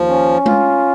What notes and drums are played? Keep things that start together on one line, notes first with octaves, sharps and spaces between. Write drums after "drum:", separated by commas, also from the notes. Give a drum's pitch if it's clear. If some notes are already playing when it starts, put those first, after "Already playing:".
Already playing: D#2 F3
C#4
F4, drum: tom G#3